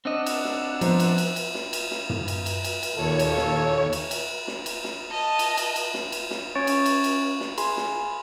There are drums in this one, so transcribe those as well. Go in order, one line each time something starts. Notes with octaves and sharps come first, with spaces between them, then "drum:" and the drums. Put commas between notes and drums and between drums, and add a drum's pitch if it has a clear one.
C4 D4 D#5 F#5 E6
drum: cymbal
drum: snare
F3 B3 C5 A#5, drum: cymbal
drum: cymbal
drum: cymbal
drum: cymbal
drum: snare
drum: cymbal
drum: snare
drum: tom
drum: cymbal
drum: cymbal
drum: cymbal
drum: cymbal
D#2 A#2 A4 C#5
drum: cymbal
drum: snare
drum: cymbal
drum: cymbal
drum: snare
drum: cymbal
drum: snare
D#5 A5
drum: cymbal
drum: cymbal
drum: cymbal
drum: snare
drum: cymbal
drum: snare
C#4 C#5 C#6 A6 D7
drum: cymbal
drum: cymbal
drum: cymbal
drum: snare
G#4 G#5 B5 C6, drum: cymbal
drum: snare